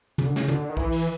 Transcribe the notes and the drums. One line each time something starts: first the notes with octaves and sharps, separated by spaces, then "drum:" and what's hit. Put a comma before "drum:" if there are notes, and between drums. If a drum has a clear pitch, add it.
C#3, drum: tom
D3
C#3, drum: snare
D3, drum: tom
D#3
E3, drum: kick A#1
drum: cymbal